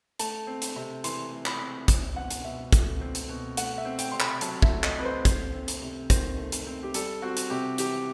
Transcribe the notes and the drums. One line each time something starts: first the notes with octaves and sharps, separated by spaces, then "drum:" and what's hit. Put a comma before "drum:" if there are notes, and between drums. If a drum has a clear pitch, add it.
A3 A5, drum: hi-hat
C4
drum: hi-hat
C3
E3 C6, drum: hi-hat
A3
B5, drum: clap
C4
C4, drum: kick, hi-hat
B2 F#5
drum: hi-hat
B2 E5
A3, drum: kick, hi-hat
C4
drum: hi-hat
B2
A3 F#5, drum: hi-hat
E5
C4
G5, drum: hi-hat
C3 C6
B5, drum: clap
F#3 A5, drum: hi-hat
E5, drum: kick
A3
D#5, drum: clap
C4 B4
C5
A3 C5, drum: kick, hi-hat
C4
drum: hi-hat
C3
D#3 C5, drum: kick, hi-hat
A3
drum: hi-hat
C4
G4
G3 A4, drum: hi-hat
C4 F#4
drum: hi-hat
C3 G4
E3 G4, drum: hi-hat